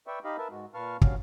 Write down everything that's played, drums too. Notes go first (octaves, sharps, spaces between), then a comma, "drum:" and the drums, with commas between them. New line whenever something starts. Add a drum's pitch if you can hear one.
B4 D5 E5 G5 C#6
D#4 G4 D#5 F5 B5
A#4 B4 E5 A5
G#2 G#3 F#4
A#2 B4 F5 A5 C#6 F6
G2 C#3 G3 C#4 F#4 F5, drum: kick